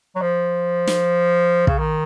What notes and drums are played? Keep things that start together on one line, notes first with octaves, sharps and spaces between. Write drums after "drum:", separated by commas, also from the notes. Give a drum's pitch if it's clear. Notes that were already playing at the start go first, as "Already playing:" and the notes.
F#3
F3
drum: snare
C#3, drum: kick
D#3